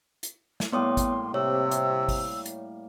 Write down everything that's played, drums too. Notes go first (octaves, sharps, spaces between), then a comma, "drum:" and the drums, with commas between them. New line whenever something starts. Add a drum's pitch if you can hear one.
drum: hi-hat
drum: snare
A2 G3 A#3 B3 C#5 C6 D#6
drum: kick, hi-hat
C3 C#5 E6
drum: hi-hat
drum: kick, open hi-hat
drum: hi-hat